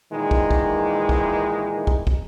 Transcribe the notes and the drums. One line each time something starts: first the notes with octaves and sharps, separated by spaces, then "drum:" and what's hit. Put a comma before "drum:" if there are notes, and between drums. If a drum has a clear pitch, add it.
A#2 D#3 E3 G#3 D#4
drum: kick
drum: kick
drum: kick
drum: kick
drum: kick